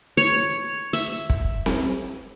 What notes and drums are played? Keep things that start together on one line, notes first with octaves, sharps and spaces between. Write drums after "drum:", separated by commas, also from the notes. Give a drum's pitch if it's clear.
C#5
E5, drum: hi-hat
drum: kick
drum: snare C4